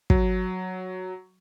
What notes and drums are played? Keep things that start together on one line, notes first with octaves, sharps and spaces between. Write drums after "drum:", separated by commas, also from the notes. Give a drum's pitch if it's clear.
F#3, drum: kick